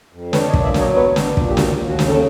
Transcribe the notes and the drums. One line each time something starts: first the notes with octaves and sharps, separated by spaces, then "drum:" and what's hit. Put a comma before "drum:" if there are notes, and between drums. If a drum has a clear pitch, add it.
F2
D4 B4 C#5, drum: snare
C#5 D#5
A#2, drum: kick
D5 E5
F#3, drum: snare
C#5 D#5
B3 B4 C#5
D4, drum: snare
A#2, drum: kick
G4
D#2 F#4, drum: snare
D#2
F#4
C#3, drum: snare
A4